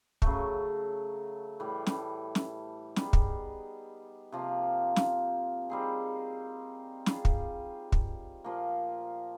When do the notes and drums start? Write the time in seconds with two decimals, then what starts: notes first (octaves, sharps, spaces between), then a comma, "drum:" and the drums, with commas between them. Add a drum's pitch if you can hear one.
0.22 C#3 F#3 A3, drum: kick
1.60 A2 E3 G3
1.87 drum: snare
2.35 drum: snare
2.96 G3 B3 D#4 G#4, drum: snare
3.13 drum: kick
4.32 C3 F3 A#3
4.96 drum: snare
5.70 G3 C4 D#4 G#4
7.06 G3 C4 F4 G#4, drum: snare
7.25 drum: kick
7.92 drum: kick
8.44 A#2 F3 A#3